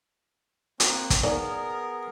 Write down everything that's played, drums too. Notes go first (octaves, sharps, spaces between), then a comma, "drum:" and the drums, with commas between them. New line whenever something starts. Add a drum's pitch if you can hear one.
A#3 C4 F#4 F#6, drum: hi-hat
drum: kick, hi-hat
A#3 B3 C#4 D#4 G#4 A#4 D5